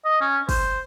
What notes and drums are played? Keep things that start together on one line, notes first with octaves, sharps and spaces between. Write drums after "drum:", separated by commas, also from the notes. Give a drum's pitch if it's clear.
D#5
C#4
C5, drum: kick, open hi-hat